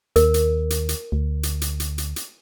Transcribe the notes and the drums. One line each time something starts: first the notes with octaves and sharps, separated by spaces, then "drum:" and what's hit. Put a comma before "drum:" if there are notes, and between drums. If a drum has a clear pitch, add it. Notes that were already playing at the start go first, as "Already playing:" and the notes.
D#2 A#4, drum: hi-hat
drum: hi-hat
drum: hi-hat
drum: hi-hat
D2
drum: hi-hat
drum: hi-hat
drum: hi-hat
drum: hi-hat
drum: hi-hat